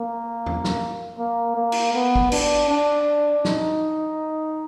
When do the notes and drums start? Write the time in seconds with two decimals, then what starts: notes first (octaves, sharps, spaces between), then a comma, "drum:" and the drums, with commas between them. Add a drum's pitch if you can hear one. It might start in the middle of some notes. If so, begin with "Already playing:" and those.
Already playing: A#3
0.46 drum: tom E2
0.64 drum: snare
1.18 A#3
1.55 A#3
1.72 drum: cymbal
1.94 B3
2.15 drum: kick
2.32 D4, drum: cymbal
2.69 D4
3.45 D#4, drum: snare